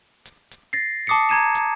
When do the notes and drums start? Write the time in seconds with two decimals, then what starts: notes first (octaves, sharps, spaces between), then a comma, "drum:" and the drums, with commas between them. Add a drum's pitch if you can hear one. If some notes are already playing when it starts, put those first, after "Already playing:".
0.26 drum: hi-hat
0.51 drum: hi-hat
0.73 A6 A#6 C7
1.07 A5 D6 D#6 C7 C#7
1.29 A#5 G#6 D#7 E7
1.55 drum: hi-hat